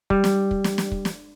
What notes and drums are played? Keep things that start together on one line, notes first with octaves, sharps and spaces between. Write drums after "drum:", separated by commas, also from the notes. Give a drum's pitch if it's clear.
G3, drum: kick
drum: snare
drum: kick
drum: snare
drum: snare
drum: kick
drum: snare